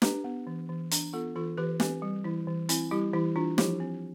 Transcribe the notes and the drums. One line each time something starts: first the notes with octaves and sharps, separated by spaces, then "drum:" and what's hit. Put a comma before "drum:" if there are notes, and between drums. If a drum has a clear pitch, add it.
D4 G4 B4, drum: snare
B3
E3
E3
D4, drum: hi-hat
B3 F4 A4
E3 F4 A4
E3 G4 B4
C4 G4 B4, drum: snare
G3
E3 E4
E3
C4 E4, drum: hi-hat
G3 E4 G4
E3 E4 G4
E3 D4 F4
F3 E4 G4, drum: snare
C4